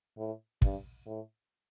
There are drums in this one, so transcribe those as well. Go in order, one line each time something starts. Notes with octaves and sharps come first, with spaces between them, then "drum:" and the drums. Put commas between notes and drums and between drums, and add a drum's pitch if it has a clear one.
A2
G2, drum: kick
A2